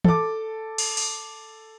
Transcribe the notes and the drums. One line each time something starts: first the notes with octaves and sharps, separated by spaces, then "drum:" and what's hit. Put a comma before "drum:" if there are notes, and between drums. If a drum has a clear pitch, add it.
A4 D6, drum: tom
drum: cymbal
drum: open hi-hat